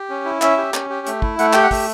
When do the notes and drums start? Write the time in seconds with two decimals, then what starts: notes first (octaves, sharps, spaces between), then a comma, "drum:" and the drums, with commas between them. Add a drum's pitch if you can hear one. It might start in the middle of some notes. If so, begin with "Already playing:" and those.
Already playing: G4
0.10 C#4
0.25 E4
0.42 C#4 E5, drum: clap
0.58 G4
0.74 C#4, drum: clap
0.90 G4
1.07 A3, drum: hi-hat
1.22 E4, drum: kick
1.39 A3 F#5, drum: hi-hat
1.53 G4 G5, drum: clap
1.63 F#5
1.71 A3, drum: kick, open hi-hat